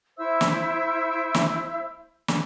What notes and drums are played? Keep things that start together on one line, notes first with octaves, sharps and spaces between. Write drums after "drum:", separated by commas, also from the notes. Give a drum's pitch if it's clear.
E4 C5 E5 E6
drum: snare
drum: snare
drum: snare